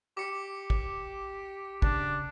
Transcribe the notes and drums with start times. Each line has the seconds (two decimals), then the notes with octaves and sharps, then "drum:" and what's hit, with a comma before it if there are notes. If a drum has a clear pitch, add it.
0.17 G4 D6 C#7
0.70 drum: kick
1.82 C#3 D4, drum: kick